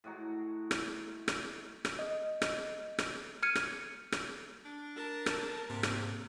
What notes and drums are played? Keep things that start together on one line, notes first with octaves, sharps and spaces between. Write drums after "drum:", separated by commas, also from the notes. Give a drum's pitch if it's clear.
A2 G#3 F#4 A#5
drum: rim click
drum: rim click
drum: rim click
D#5
drum: rim click
drum: rim click
F6 G#6 C#7 D#7
drum: rim click
drum: rim click
D4
A#4 A5
drum: rim click
G#2 C3 A#3
drum: rim click